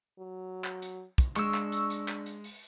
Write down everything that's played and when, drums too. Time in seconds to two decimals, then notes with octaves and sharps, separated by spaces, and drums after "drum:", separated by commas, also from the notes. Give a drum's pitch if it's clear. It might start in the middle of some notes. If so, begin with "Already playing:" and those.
0.19 F#3
0.64 drum: clap
0.82 drum: hi-hat
1.18 drum: kick, hi-hat
1.36 G#3 D4 C#6 E6, drum: clap
1.54 drum: clap
1.72 drum: hi-hat
1.90 drum: hi-hat
2.08 drum: clap
2.26 drum: hi-hat
2.44 drum: open hi-hat